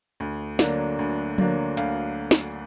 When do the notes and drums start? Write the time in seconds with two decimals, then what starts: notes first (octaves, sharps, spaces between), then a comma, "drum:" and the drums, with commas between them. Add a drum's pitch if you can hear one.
0.20 D2
0.59 D3 F#3 A#3 D4, drum: snare
0.99 D2
1.38 D3 F#3 A#3 D4, drum: tom F3
1.77 D2 F5, drum: hi-hat
2.31 drum: snare